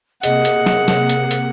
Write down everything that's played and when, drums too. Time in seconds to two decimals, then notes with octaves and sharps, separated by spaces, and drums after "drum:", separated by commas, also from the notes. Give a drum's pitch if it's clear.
0.23 C3 A#3 G#4 D#5 F#5, drum: hi-hat
0.45 drum: hi-hat
0.66 drum: snare
0.88 drum: snare
1.09 drum: hi-hat
1.31 drum: hi-hat